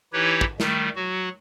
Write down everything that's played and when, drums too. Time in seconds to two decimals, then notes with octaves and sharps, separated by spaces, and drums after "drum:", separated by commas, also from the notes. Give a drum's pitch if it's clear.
0.13 E3 D#4 E4 G4 B4 C#5
0.41 drum: kick
0.60 D#3 G3 A3, drum: snare
0.96 F#3 F#4